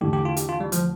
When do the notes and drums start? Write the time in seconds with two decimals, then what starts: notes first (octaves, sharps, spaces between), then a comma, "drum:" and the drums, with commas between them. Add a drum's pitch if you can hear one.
0.01 E2 D3 A3 G4
0.13 G4
0.25 F4
0.37 G4, drum: hi-hat
0.49 F4
0.60 G3
0.72 F3, drum: hi-hat